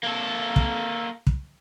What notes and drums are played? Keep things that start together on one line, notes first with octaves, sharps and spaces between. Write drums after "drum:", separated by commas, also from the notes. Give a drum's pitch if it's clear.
A#3 A4
drum: kick
drum: kick